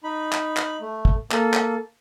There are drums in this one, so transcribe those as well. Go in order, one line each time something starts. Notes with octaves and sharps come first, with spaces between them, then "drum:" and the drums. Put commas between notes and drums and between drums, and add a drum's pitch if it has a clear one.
D#4 B5
drum: clap
drum: clap
A3
drum: kick
A#3 A4, drum: clap
drum: clap